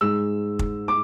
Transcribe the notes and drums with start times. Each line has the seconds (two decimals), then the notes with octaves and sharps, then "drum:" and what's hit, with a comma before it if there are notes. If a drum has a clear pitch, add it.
0.01 G#2 G#3 E6
0.59 drum: kick
0.88 D6